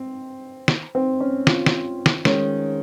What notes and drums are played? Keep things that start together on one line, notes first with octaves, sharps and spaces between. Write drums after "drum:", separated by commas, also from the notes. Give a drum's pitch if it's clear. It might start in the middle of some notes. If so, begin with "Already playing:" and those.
Already playing: C4
drum: snare
C4
C#4
F4, drum: snare
drum: snare
drum: snare
D#3 G#3 C#4, drum: snare